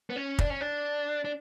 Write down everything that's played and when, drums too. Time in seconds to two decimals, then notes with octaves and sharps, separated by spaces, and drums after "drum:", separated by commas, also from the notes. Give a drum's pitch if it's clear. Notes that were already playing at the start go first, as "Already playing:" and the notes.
0.10 B3
0.16 C#4
0.39 D4, drum: kick
0.50 C#4
0.61 D4
1.25 D4